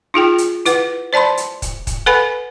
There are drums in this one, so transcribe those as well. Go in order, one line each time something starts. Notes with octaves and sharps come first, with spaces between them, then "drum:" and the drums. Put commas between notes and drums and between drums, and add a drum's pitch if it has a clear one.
D#4 F4 G#4 G5
drum: hi-hat
E4 B4 F#5, drum: hi-hat
C5 D5 A5 B5 C6
drum: hi-hat
drum: kick, hi-hat
drum: kick, hi-hat
A4 B4 F#5 G#5 B5